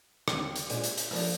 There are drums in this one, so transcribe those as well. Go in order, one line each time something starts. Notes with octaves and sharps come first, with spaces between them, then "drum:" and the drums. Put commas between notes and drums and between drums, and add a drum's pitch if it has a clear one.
D#2 D3 G3 C4, drum: rim click
drum: hi-hat
A#2 G#3 D4, drum: hi-hat
drum: hi-hat
drum: hi-hat
F3 A#3 D4, drum: open hi-hat